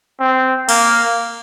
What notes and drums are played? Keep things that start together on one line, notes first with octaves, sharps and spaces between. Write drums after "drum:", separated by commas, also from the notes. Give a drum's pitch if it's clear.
C4
A#3, drum: cymbal